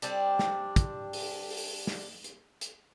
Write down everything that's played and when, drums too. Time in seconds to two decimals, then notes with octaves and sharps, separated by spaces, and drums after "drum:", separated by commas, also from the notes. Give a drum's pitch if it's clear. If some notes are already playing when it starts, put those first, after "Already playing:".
0.02 G3 C4 D4, drum: hi-hat
0.39 drum: snare
0.76 drum: kick, hi-hat
1.13 drum: open hi-hat
1.50 drum: open hi-hat
1.87 drum: snare
2.24 drum: hi-hat
2.61 drum: hi-hat